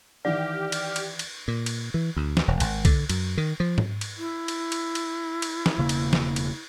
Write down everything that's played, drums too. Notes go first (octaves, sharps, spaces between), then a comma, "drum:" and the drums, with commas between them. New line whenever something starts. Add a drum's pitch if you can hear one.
D#3 E3 G4 D5 F6
drum: cymbal
drum: cymbal
drum: cymbal
A#2
drum: cymbal
E3
D2
drum: snare
E1
G#1, drum: cymbal
D3, drum: kick B1, cymbal
F#2, drum: cymbal
D#3
F3
drum: tom G#2
drum: cymbal
E4
drum: cymbal
drum: cymbal
drum: cymbal
drum: cymbal
drum: snare
E1 C#3 A#3
drum: cymbal
drum: snare
drum: cymbal